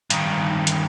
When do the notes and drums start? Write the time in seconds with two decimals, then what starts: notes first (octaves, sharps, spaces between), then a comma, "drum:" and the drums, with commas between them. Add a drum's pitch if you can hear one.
0.10 G2 D#3, drum: hi-hat
0.67 drum: hi-hat